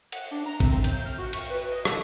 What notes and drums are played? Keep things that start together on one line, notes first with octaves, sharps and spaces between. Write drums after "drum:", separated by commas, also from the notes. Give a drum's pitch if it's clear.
F#5, drum: cymbal
D4
A#5
C4, drum: kick A1, cymbal
G6, drum: cymbal
F6
F#4
C#6, drum: cymbal
B4
D#5
A4, drum: rim click